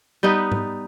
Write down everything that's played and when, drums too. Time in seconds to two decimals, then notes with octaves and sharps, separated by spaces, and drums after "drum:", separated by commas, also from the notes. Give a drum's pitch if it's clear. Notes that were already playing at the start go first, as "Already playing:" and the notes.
0.23 G3 B3 D#4 B4
0.52 drum: tom G#2